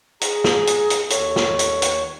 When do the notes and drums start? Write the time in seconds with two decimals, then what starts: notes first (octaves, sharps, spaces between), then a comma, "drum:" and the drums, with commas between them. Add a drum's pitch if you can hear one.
0.21 G#4 A#5, drum: hi-hat
0.44 drum: snare
0.67 drum: hi-hat
0.90 drum: hi-hat
1.10 D#2 A4 C#5, drum: hi-hat
1.36 drum: snare
1.59 drum: hi-hat
1.82 drum: hi-hat